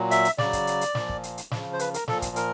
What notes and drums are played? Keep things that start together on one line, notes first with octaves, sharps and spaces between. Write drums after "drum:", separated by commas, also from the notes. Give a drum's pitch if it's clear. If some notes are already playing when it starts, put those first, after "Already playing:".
Already playing: A#2 F#3
E5, drum: hi-hat
drum: hi-hat
C#3 F#3 D5, drum: snare
drum: kick, hi-hat
drum: hi-hat
drum: hi-hat
A#2 F3, drum: snare
drum: kick
drum: hi-hat
drum: hi-hat
C#3 F3, drum: snare
C5
B4, drum: hi-hat
A#4, drum: hi-hat
A#2 F3 A4, drum: snare
drum: kick, hi-hat
A#4, drum: hi-hat